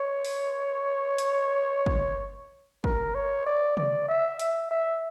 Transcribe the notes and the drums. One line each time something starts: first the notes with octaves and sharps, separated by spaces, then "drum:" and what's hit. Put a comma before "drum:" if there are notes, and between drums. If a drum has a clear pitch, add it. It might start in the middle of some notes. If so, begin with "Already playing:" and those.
Already playing: C#5
drum: open hi-hat
drum: hi-hat
drum: kick
A#4, drum: kick
C#5
D5
D5, drum: tom C3
E5
E5, drum: hi-hat
E5